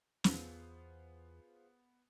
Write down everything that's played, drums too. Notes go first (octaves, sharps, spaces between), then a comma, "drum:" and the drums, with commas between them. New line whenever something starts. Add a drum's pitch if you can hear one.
E2 B3 F4 G#4 C5, drum: snare